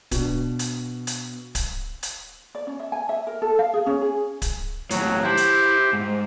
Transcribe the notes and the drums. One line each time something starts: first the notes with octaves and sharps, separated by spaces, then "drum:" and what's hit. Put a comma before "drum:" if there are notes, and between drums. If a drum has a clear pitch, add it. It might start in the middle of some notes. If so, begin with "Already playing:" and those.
B2 D4, drum: kick D1, hi-hat
drum: hi-hat
drum: hi-hat
drum: kick D1, hi-hat
drum: hi-hat
D5
C#4
E5
G#5
E5
A#4
A4
F5
G#4
C#4
G#4
drum: kick D1, hi-hat
D#2 A2 F#3, drum: hi-hat
E4 G4 C5
drum: hi-hat
G#2